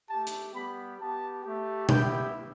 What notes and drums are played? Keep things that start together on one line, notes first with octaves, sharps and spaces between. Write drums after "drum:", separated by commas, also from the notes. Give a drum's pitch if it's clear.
A3 G4 A5
drum: hi-hat
G3 B3 G4 B5
B3 G4 A5
A3 G4
B3 E4 G4 G5, drum: tom B2